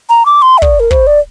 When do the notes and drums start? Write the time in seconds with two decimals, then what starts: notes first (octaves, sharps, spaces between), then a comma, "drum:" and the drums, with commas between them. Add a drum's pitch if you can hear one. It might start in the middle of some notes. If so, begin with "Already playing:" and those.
0.09 A#5
0.26 D6
0.42 C6
0.58 E5
0.62 D5, drum: kick
0.80 A#4
0.91 C5, drum: kick
1.07 D5